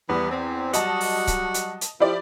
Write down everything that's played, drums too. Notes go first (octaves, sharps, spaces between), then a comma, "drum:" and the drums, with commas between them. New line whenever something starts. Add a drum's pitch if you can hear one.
E2 E3 G3 B3
C4
F#3 G3 F#4 D#5 A5, drum: hi-hat
drum: open hi-hat
drum: kick C#1, hi-hat
drum: hi-hat
drum: hi-hat
F3 E4 G4 D5